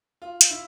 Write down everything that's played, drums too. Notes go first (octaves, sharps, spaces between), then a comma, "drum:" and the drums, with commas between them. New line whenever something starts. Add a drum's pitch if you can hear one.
F4
drum: hi-hat
E4